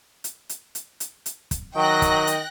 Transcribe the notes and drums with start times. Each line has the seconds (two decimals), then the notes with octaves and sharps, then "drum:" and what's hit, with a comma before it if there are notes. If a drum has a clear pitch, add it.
0.24 drum: hi-hat
0.49 drum: hi-hat
0.75 drum: hi-hat
1.00 drum: hi-hat
1.26 drum: hi-hat
1.51 drum: kick, hi-hat
1.76 D#3 F#3 D#5 G5 F#6 A#6
2.02 drum: kick, hi-hat
2.27 drum: hi-hat